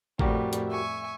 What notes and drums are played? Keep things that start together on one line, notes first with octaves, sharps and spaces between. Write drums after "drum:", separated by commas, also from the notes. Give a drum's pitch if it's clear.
F2 A2 G3 F#4 G4 A#4, drum: kick
drum: hi-hat
E5 G#5 C#6